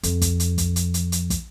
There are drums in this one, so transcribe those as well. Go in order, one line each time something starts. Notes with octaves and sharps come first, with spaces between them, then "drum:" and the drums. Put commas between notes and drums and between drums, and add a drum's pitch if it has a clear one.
F2, drum: hi-hat
drum: kick, hi-hat
drum: hi-hat
drum: kick, hi-hat
drum: hi-hat
drum: hi-hat
drum: hi-hat
drum: kick, hi-hat